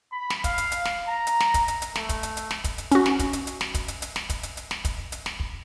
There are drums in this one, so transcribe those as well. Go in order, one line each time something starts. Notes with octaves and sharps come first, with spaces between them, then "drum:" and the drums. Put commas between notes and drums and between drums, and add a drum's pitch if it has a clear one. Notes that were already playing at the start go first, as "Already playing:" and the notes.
B5
drum: snare
F5, drum: kick, hi-hat
drum: hi-hat
drum: hi-hat
drum: snare
A#5
drum: hi-hat
drum: snare
drum: kick, hi-hat
drum: hi-hat
drum: hi-hat
A3, drum: snare
drum: kick, hi-hat
drum: hi-hat
drum: hi-hat
drum: snare
drum: kick, hi-hat
drum: hi-hat
C#4 F#4, drum: hi-hat
drum: snare
drum: kick, hi-hat
drum: hi-hat
drum: hi-hat
drum: snare
drum: kick, hi-hat
drum: hi-hat
drum: hi-hat
drum: snare
drum: kick, hi-hat
drum: hi-hat
drum: hi-hat
drum: snare
drum: kick, hi-hat
drum: hi-hat
drum: snare
drum: kick